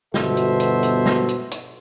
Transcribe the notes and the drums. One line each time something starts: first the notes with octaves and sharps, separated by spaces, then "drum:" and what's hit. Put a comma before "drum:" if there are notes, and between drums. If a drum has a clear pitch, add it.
G1 B2 F#4 A4 C5 E5, drum: snare
drum: hi-hat
drum: hi-hat
drum: hi-hat
drum: snare
drum: hi-hat
drum: hi-hat